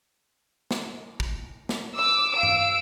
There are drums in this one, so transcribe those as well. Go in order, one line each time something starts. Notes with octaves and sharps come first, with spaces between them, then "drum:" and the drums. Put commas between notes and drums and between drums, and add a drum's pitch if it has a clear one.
drum: snare
drum: kick
drum: snare
D6 E6
F5 E6 D7
drum: tom G2